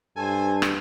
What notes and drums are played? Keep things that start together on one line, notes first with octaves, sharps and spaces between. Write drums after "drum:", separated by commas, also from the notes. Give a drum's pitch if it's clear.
G2 A4 C5 G#5
drum: rim click